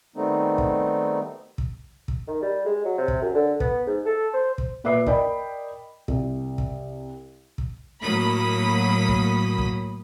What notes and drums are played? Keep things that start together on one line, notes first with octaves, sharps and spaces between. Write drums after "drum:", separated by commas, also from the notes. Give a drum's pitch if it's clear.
D#3 G3 A3 B3 C4 D#4
drum: kick
drum: kick
drum: kick
D#3
G3
G#3
F#3
C3
drum: kick
F#2
D3
B3, drum: kick
G#2
A4
C5
drum: kick
A#2 B4 E5 D6 C7
A#4 D5 D#5 G5 B5, drum: kick
C2, drum: kick
drum: kick
drum: kick
A2 F#3 A#3 B5 D#6 B6
drum: kick
drum: kick